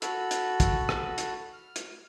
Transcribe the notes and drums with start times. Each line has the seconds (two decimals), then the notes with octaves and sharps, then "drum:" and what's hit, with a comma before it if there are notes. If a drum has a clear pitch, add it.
0.02 F#4 A4 B5 E6, drum: hi-hat
0.31 drum: hi-hat
0.60 drum: kick, hi-hat
0.89 drum: rim click
1.18 drum: hi-hat
1.53 F6
1.76 drum: hi-hat